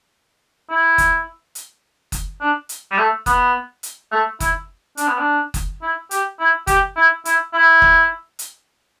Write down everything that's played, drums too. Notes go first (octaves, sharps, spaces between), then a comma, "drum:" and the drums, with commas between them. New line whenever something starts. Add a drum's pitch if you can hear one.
E4
drum: kick F#1, hi-hat
drum: hi-hat
drum: kick F#1, hi-hat
D4
drum: hi-hat
G3
A3
B3, drum: kick F#1, hi-hat
drum: hi-hat
A3
E4, drum: kick F#1, hi-hat
D4, drum: hi-hat
B3
D4
drum: kick F#1, hi-hat
E4
G4, drum: hi-hat
E4
G4, drum: kick F#1, hi-hat
E4
E4, drum: hi-hat
E4
drum: kick F#1
drum: hi-hat